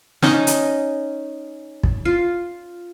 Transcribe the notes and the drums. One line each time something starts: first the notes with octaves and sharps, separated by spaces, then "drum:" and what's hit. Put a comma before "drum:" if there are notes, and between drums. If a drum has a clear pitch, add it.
C#4 D#4 D#5, drum: snare
drum: hi-hat
drum: kick
F4